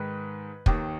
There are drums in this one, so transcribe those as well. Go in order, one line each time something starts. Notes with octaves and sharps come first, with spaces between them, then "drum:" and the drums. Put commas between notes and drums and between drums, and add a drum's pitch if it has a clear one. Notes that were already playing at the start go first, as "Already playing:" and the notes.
Already playing: G#2 D#3 B4
D#2 D#3, drum: kick